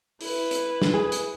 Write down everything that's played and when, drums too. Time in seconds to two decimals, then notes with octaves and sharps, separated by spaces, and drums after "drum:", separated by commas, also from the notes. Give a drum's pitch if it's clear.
0.21 E4 B4, drum: open hi-hat
0.51 drum: hi-hat
0.82 drum: snare
0.94 G#4
1.12 drum: hi-hat